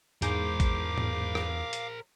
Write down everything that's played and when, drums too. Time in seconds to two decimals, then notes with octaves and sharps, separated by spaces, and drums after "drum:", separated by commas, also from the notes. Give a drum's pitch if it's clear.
0.22 E2 G#2 G#4 A#4 C5 F5 D6 G6, drum: hi-hat
0.60 drum: kick A1, hi-hat
0.98 drum: tom G#2
1.35 drum: rim click
1.73 drum: hi-hat